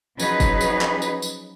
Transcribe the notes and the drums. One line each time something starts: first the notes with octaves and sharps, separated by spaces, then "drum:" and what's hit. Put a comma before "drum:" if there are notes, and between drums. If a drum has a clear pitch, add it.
F3 F#3 C#4 D#4 G#4 B4, drum: tambourine
drum: kick, tambourine
drum: tambourine
drum: clap
drum: tambourine
drum: tambourine